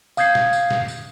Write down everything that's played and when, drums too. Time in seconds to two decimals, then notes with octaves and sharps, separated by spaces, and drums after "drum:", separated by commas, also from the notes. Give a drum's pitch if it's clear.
0.17 F5 D#6 G6 G#6 C7, drum: tambourine
0.35 drum: snare
0.53 drum: tambourine
0.71 drum: snare
0.88 drum: tambourine